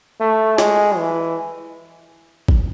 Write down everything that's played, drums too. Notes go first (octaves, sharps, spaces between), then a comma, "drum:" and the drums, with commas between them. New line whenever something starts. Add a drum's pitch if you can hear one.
A3
G#3, drum: snare
E3
drum: kick